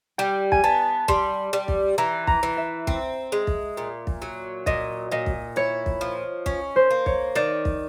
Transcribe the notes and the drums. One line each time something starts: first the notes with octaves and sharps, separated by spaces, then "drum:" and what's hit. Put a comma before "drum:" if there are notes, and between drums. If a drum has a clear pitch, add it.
G3 G5
G#5, drum: kick
B3 A5
G3 C6, drum: kick
G3
drum: kick
E3 A#5
A#5, drum: kick
E3
E5
C4, drum: kick
G#3
drum: kick
A#2
drum: kick
F#3
A#2 D#5, drum: kick
A#2 D#5
drum: kick
E4 C#5
drum: kick
F3
C#4, drum: kick
C5
A#3
C#5, drum: kick
D#3 D5
drum: kick